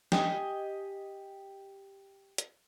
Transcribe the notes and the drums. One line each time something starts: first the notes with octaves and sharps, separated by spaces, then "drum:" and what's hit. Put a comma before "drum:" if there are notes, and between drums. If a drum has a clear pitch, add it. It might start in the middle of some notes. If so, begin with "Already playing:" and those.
G4 D#5 G5 G#5, drum: snare
drum: hi-hat